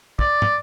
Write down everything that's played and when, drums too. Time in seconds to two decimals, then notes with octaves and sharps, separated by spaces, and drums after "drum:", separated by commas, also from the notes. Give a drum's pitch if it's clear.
0.19 D5, drum: kick
0.42 drum: tom